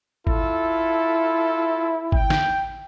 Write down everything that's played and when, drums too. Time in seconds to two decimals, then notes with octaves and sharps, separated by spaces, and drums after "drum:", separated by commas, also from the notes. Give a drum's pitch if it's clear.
0.27 E4 F4 A4, drum: kick G#1
2.12 G5, drum: kick G#1
2.30 drum: snare